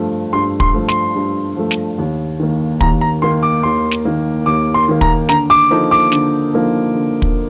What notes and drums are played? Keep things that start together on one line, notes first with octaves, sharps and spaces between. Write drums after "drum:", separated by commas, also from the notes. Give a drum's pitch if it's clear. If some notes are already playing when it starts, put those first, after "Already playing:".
Already playing: G2 F3 A3
G2 C6
C6, drum: kick
F3 A3
C6, drum: snare
G2
F3 A3
drum: snare
D#2
D#3 A#3
D#2 A#5, drum: kick
A#5
D#3 A#3 C6
D6
D#2 C6
drum: snare
D#3 A#3
D#2 D6
C6
D#3 A#3
A#5, drum: kick
D3 A#5, drum: snare
D6
F3 A#3 D#4 A4
D6
D3, drum: snare
F3 A#3 D#4 A4
D3
drum: kick